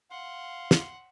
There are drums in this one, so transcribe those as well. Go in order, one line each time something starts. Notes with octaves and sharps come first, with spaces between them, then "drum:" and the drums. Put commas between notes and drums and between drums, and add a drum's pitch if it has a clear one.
F5 F#5 C6
drum: snare